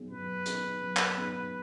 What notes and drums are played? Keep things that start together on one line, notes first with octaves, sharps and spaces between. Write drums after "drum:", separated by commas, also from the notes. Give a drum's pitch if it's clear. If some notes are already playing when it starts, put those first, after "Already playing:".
Already playing: F#3 B3 D#4 G#4
F#3 B4
B3 D#4 G#4, drum: hi-hat
F#3
drum: clap
B3 D#4 G#4